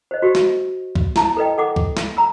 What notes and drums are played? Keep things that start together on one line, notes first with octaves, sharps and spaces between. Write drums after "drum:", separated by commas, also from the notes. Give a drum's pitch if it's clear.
C5 D#5
F#4 G4
drum: snare
drum: kick
E4 A5 A#5, drum: snare
A4 B4 D#5 G5
A4 F#5 D6
drum: kick
drum: snare
A#5 B5 E6